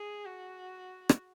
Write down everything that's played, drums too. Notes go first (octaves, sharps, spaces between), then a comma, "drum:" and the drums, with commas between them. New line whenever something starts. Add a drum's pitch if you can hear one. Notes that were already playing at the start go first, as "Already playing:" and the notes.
Already playing: G#4
F#4
drum: rim click